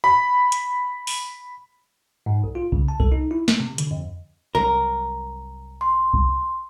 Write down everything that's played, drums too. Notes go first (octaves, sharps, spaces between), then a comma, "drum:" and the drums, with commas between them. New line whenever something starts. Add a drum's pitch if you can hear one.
B5
drum: hi-hat
drum: open hi-hat
G#2
B1
F4
C#3, drum: kick C2
A5
A4, drum: kick C2
D#4
E4
A3, drum: snare
C3
D3, drum: hi-hat
F2
C2 F#3 A#4
C6
drum: kick C2